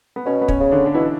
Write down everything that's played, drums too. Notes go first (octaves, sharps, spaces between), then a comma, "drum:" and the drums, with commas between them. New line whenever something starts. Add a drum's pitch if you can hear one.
B3
B2 C#4
B3
C#4, drum: kick
C#3
D3 D4
D4
B2 E3 E4